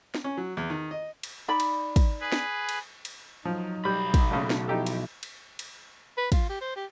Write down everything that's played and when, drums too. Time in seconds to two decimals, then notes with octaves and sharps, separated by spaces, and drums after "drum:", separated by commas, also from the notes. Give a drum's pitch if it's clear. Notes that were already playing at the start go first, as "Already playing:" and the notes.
0.15 drum: snare
0.24 C#4
0.37 F#3
0.57 E2
0.70 D#3
0.91 D#5
1.23 drum: cymbal
1.48 D#4 D5 B5
1.60 drum: cymbal
1.96 drum: kick, cymbal
2.20 G#4 B4
2.32 drum: snare
2.69 drum: cymbal
3.05 drum: cymbal
3.45 F3 F#3 D#4
3.85 B1 G3 B5
4.14 drum: kick, cymbal
4.31 A#1 C#3 A3
4.50 drum: snare
4.68 F3 D#4 E4 G4 A4
4.86 drum: cymbal
5.23 drum: cymbal
5.59 drum: cymbal
6.18 B4
6.32 F4, drum: kick, cymbal
6.49 G4
6.61 C5
6.76 G4